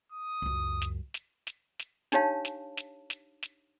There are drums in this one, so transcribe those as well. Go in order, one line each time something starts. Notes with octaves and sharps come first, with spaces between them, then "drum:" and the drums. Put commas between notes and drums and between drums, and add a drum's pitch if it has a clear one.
D#6
C#2 F#2
drum: snare
drum: snare
drum: snare
drum: snare
D4 D#4 G4 C#5 F5 A5, drum: snare
drum: snare
drum: snare
drum: snare
drum: snare